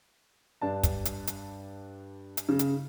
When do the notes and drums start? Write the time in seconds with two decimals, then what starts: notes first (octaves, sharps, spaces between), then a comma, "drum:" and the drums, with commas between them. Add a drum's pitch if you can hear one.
0.61 G2 D4 A5
0.83 drum: kick, hi-hat
1.05 drum: hi-hat
1.27 drum: hi-hat
2.37 drum: hi-hat
2.49 C#3
2.59 drum: hi-hat